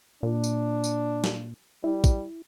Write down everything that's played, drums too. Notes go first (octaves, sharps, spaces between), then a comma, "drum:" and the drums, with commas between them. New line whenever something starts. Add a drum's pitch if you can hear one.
A#2 D4
drum: tambourine
drum: tambourine
drum: snare
G3 E4
drum: kick, tambourine